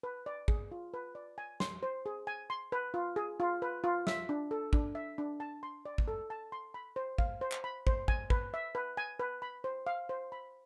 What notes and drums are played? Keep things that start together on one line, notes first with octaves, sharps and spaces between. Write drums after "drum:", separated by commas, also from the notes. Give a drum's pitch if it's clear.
B4
D5
G#4, drum: kick
F4
B4
D5
G#5
C6, drum: snare
C5
G#4
G#5
C6
B4
F4
G#4
F4
B4
F4
E5, drum: snare
D4
A4
D4, drum: kick
E5
D4
A5
C6
D5
drum: kick
A4
A5
C6
B5
C5
F5, drum: kick
C5
drum: clap
B5
C5, drum: kick
G#5, drum: kick
B4, drum: kick
E5
B4
G#5
B4
B5
C5
F5
C5
B5